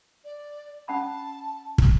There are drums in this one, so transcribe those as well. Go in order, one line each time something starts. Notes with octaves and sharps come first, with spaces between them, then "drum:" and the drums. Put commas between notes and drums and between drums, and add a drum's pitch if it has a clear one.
D5
C#4 F#5 A5 B5
drum: kick